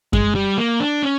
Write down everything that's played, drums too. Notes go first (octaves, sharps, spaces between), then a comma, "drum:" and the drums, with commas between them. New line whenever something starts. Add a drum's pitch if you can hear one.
G#3, drum: kick F#2
G3
A#3
D4
C#4